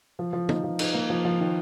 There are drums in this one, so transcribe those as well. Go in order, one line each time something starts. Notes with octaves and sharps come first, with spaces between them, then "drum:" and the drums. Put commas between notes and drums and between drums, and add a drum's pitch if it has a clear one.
F3
F3
D#4, drum: tom
F3
D#4, drum: cymbal
A#3
F3
F3
D#3